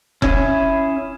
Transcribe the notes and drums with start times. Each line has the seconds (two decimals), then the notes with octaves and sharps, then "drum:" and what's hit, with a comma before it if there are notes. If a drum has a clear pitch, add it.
0.22 C#4 E4 G#4, drum: kick F1